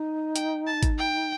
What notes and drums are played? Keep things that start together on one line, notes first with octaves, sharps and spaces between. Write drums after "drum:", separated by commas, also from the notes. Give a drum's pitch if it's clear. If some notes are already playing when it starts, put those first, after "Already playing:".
Already playing: D#4
G5, drum: hi-hat
A5
drum: kick G#1, hi-hat
G5